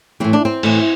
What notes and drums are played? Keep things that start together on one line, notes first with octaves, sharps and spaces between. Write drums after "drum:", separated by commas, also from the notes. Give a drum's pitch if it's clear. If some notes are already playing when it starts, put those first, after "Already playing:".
A2 E3 C4
D4
C4
A2 E3, drum: cymbal